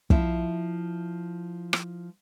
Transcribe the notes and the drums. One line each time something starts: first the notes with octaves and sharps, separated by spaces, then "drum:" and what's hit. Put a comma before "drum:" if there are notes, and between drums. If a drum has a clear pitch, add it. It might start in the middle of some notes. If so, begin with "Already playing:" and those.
F3 E4, drum: kick
drum: rim click